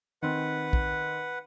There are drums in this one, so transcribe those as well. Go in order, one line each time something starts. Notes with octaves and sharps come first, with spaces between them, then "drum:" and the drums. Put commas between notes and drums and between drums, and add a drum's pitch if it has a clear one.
D#3 C4 B4 F#5
drum: kick